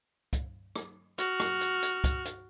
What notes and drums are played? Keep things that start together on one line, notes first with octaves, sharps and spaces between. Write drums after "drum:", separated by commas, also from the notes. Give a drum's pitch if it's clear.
drum: kick, hi-hat
drum: rim click
F#4 F6, drum: hi-hat
drum: rim click
drum: hi-hat
drum: hi-hat
drum: kick, hi-hat
drum: hi-hat